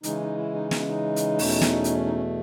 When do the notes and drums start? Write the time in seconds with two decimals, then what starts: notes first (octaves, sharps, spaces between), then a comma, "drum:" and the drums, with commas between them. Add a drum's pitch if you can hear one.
0.03 C#3 E3 G#3 C#4 D#4, drum: hi-hat
0.21 D#4
0.37 E4
0.54 D#4
0.71 D#4, drum: snare
0.79 C#4
0.88 D#4
1.16 drum: hi-hat
1.39 E2 B2 A3 C#4, drum: open hi-hat
1.61 drum: snare
1.84 drum: hi-hat
2.06 D#4
2.14 C#4